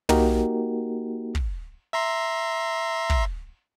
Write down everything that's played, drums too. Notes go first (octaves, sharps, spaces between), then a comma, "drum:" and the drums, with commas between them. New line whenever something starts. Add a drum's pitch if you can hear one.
A#3 D#4 F#4 G4 A#4, drum: tom
drum: kick
E5 A#5 C6
drum: kick